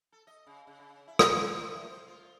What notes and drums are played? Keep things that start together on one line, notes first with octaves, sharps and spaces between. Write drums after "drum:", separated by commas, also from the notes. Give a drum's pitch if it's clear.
A4
D#5
C#3
C#3
C#3
E4
A#2, drum: rim click
F3
C5
A2
C5
F4